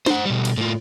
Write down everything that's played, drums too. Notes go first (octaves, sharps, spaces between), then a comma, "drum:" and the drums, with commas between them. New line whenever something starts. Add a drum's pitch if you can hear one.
C5 F#5, drum: snare D4
B2 G3
drum: cymbal
A2 F4